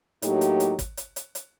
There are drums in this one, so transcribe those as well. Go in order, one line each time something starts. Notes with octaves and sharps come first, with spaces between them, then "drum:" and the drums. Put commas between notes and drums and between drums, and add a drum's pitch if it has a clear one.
A2 F#3 A#3 D#4 G4, drum: hi-hat
drum: hi-hat
drum: hi-hat
drum: kick, hi-hat
drum: hi-hat
drum: hi-hat
drum: hi-hat